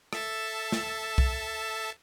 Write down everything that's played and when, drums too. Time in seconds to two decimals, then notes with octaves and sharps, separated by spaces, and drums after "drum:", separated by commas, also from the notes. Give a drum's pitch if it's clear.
0.13 A4 E5 A5, drum: rim click
0.72 drum: snare
1.18 drum: kick B1